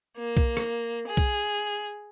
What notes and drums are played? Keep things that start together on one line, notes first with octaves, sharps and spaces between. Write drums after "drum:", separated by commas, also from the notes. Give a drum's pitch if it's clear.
A#3
drum: kick B1
drum: rim click
G#4
drum: kick B1